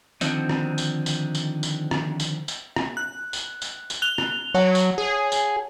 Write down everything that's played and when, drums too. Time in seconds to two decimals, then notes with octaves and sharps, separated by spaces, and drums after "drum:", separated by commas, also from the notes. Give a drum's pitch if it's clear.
0.21 D3 D#3 F3 C4 D#4, drum: tambourine
0.49 drum: rim click
0.78 drum: tambourine
1.06 drum: tambourine
1.35 drum: tambourine
1.63 drum: tambourine
1.91 drum: rim click
2.20 drum: tambourine
2.48 drum: tambourine
2.76 drum: rim click
2.97 F#6
3.33 drum: tambourine
3.62 drum: tambourine
3.90 drum: tambourine
4.02 F#6 F7 G7
4.18 drum: rim click
4.54 F#3 C#5 F#5 A5
4.75 drum: tambourine
4.98 G#4
5.32 drum: tambourine